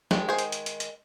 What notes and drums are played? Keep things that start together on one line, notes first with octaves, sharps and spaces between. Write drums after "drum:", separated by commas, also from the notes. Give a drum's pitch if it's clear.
D#3 G#3, drum: snare
G#4 C5
drum: hi-hat
drum: hi-hat
drum: hi-hat
drum: hi-hat